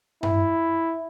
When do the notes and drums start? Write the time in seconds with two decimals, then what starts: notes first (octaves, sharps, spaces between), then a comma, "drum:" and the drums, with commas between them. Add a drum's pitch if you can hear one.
0.23 E4, drum: tom G2